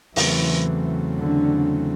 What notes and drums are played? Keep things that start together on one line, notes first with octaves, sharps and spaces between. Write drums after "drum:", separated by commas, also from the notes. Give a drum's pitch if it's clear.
E2 C#3 E3 F#3 A3 C4, drum: open hi-hat
D3